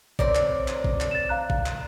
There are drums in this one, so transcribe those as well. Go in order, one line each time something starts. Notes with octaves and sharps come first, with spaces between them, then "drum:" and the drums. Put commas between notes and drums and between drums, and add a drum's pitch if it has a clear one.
C4 A#4 C#5 D5, drum: kick A1
drum: clap
drum: clap
drum: kick A1
drum: clap
A6 E7
F5 A#5 F#6
drum: kick A1
drum: clap